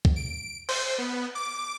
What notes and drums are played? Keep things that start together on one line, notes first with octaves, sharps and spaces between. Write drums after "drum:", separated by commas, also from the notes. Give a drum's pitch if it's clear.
drum: kick
D7
C5, drum: cymbal
B3
D6